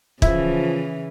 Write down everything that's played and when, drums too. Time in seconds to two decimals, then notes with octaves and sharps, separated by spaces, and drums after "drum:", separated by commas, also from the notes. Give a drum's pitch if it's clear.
0.22 C#3 E3 F3 E4, drum: kick